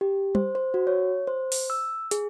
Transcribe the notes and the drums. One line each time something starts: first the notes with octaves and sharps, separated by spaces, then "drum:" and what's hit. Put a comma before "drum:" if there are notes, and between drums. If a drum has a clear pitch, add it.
G4
C5, drum: tom G3
C5
F#4
C#5
C5
drum: open hi-hat
E6
G#4, drum: hi-hat